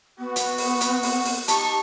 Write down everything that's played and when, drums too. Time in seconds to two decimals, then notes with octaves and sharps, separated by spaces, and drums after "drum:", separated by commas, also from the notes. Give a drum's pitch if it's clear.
0.19 B3 F#4
0.36 drum: hi-hat
0.58 drum: open hi-hat
0.81 drum: hi-hat
1.03 drum: open hi-hat
1.25 drum: open hi-hat
1.48 D#4 G4 A5 C#6, drum: hi-hat